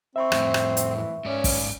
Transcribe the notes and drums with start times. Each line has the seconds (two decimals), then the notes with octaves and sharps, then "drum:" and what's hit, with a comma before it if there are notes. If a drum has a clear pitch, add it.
0.16 C4 E5 B5 C#6
0.32 F2 A2, drum: rim click
0.54 drum: rim click
0.77 drum: hi-hat
0.96 E3
1.25 G#2 C#4 D5
1.44 drum: kick, open hi-hat